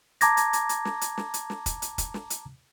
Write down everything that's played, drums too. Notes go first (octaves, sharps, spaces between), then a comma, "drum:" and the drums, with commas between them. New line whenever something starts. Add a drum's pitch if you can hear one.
A5 A#5 D6 G#6 A#6, drum: hi-hat
drum: hi-hat
drum: hi-hat
drum: hi-hat
drum: snare
drum: hi-hat
drum: snare
drum: hi-hat
drum: snare
drum: kick, hi-hat
drum: hi-hat
drum: kick, hi-hat
drum: snare
drum: hi-hat